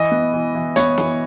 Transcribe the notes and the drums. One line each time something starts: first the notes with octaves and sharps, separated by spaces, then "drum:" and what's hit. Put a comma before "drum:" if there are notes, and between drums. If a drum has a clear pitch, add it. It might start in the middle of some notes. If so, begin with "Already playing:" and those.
Already playing: E3 D#5
B3
E3
E3
B3 C#5, drum: hi-hat
E3, drum: snare